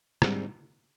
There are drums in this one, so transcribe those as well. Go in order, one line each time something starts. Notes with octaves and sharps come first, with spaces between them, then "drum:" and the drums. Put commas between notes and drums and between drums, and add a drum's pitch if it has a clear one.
G#2 G3 C4 D#4 G#4, drum: rim click